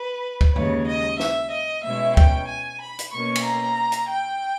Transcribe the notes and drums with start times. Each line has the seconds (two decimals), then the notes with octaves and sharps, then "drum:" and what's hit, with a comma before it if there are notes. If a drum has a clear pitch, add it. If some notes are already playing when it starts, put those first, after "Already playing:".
Already playing: B4
0.41 drum: kick
0.56 D#2 C#3 G#3 C#5, drum: tom F#2
0.88 D#5
1.20 E5, drum: snare
1.52 D#5
1.85 B2 G#3 C#4 E4 E5
2.17 G5, drum: kick
2.49 G#5
2.81 B5
2.99 drum: hi-hat
3.13 B2 A#3 C#4 C#6
3.35 drum: cymbal
3.46 A#5
3.92 drum: hi-hat
4.10 G5